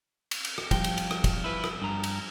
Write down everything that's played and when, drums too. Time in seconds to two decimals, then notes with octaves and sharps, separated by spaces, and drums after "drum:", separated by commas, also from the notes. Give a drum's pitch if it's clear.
0.31 drum: cymbal
0.45 drum: cymbal
0.58 drum: rim click
0.71 F3 G3 G5, drum: kick, cymbal
0.84 drum: cymbal
0.98 drum: cymbal
1.11 drum: rim click
1.24 drum: kick, cymbal
1.44 E4 B4
1.64 drum: rim click
1.82 G2 A#5
2.04 drum: cymbal